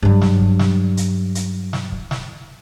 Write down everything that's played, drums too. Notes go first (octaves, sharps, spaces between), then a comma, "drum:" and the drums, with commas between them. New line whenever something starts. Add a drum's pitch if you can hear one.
G2 F#3
drum: snare
drum: kick
drum: snare
drum: hi-hat
drum: hi-hat
drum: snare
drum: kick
drum: snare